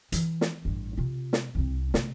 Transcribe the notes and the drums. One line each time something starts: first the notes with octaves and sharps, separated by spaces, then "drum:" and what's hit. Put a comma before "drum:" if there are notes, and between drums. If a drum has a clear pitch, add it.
E3, drum: hi-hat
drum: snare
A1 G2
C3 F4
drum: snare
C2 C4
C3 A3, drum: snare